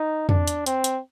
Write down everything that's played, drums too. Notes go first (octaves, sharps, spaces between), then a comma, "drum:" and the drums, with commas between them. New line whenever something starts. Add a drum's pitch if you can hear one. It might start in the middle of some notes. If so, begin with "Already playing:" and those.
Already playing: D#4
D4, drum: tom
drum: hi-hat
C4, drum: hi-hat
drum: hi-hat